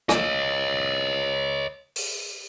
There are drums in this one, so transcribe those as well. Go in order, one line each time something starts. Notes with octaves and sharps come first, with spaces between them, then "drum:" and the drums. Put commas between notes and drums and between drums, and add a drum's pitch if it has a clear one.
C#5 D#5, drum: rim click
drum: open hi-hat